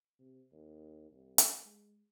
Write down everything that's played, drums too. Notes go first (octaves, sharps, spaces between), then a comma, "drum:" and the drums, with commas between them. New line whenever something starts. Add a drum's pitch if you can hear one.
C3
D#2
C2
drum: hi-hat
G#3